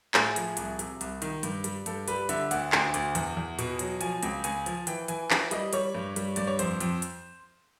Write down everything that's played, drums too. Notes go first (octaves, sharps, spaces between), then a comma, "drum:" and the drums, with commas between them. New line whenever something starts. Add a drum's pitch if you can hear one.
A2 G#4, drum: clap
F3, drum: hi-hat
C2, drum: hi-hat
C3, drum: hi-hat
C2, drum: hi-hat
D#3, drum: hi-hat
G2, drum: hi-hat
G3, drum: hi-hat
G2 A4, drum: hi-hat
G3 B4, drum: hi-hat
D3 E5, drum: hi-hat
D2 F#5, drum: hi-hat
D2 G5, drum: clap
D2, drum: hi-hat
E2, drum: hi-hat
E2
B2, drum: hi-hat
F#3, drum: hi-hat
F3 G#5, drum: hi-hat
C#2 G5, drum: hi-hat
C#2 G#5, drum: hi-hat
F3, drum: hi-hat
E3 G5, drum: hi-hat
E3 G#5, drum: hi-hat
E3 G5, drum: clap
G3 D#5, drum: hi-hat
G3 C#5, drum: hi-hat
G2
G3, drum: hi-hat
G2 D5, drum: hi-hat
C#5
F2 C5, drum: hi-hat
F2, drum: hi-hat
drum: hi-hat